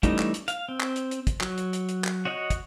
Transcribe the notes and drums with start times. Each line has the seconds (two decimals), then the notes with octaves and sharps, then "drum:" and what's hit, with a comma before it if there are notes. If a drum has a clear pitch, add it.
0.03 E3 G3 A3 C#4 D#4, drum: kick, hi-hat
0.19 drum: clap
0.34 drum: hi-hat
0.48 F5, drum: hi-hat
0.69 C4
0.80 drum: clap
0.96 drum: hi-hat
1.11 drum: hi-hat
1.27 drum: kick, hi-hat
1.41 F#3, drum: clap
1.58 drum: hi-hat
1.73 drum: hi-hat
1.89 drum: hi-hat
2.04 drum: clap
2.25 F#4 C#5 D#5 F#5 F#6
2.50 drum: kick, hi-hat